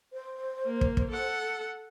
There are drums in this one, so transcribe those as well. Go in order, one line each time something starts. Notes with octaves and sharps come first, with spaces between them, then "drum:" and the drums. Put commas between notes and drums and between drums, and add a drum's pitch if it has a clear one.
C5
A#3
drum: kick
drum: kick
A4 F#5